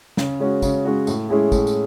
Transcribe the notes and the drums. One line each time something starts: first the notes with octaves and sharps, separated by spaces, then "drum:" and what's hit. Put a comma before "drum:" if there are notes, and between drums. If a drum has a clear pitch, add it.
C#3, drum: snare
G#3 C#4 F#4
C#3, drum: kick, tambourine
G#3 C#4 F#4
A2, drum: tambourine
G#3 C#4 E4 G#4
A2, drum: kick, tambourine
drum: tambourine